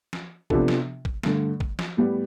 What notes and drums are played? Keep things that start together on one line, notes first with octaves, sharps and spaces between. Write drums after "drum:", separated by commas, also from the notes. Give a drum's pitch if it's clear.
drum: snare
C3 F3 B3 D4 A4, drum: kick
drum: snare
drum: kick
G2 D3 A3, drum: snare
drum: kick
drum: snare
A2 G3 B3